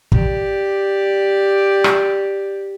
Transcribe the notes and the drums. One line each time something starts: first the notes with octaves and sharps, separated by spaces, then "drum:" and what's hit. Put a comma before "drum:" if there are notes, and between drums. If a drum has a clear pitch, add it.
G4 D5, drum: kick
drum: rim click